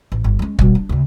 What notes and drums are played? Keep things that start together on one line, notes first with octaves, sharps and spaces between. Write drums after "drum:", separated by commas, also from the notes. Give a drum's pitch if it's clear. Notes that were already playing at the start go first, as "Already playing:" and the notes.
A1
G1
G#3 C#4
B2 G3, drum: kick
D4
D2 C#3